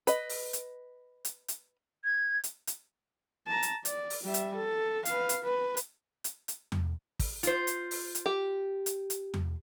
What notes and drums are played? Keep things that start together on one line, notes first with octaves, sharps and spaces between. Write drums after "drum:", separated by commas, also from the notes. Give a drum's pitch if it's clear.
B4 D#5, drum: hi-hat
drum: open hi-hat
drum: hi-hat
drum: hi-hat
drum: hi-hat
G#6
drum: hi-hat
drum: hi-hat
A5 A#5
drum: hi-hat
D5, drum: hi-hat
drum: open hi-hat
G3 E5
drum: hi-hat
A4
B4 F5, drum: hi-hat
drum: hi-hat
B4
drum: hi-hat
drum: hi-hat
drum: hi-hat
drum: tom E2
drum: kick, open hi-hat
F4 C5, drum: hi-hat
drum: hi-hat
drum: open hi-hat
drum: hi-hat
G4
drum: hi-hat
drum: hi-hat
drum: tom E2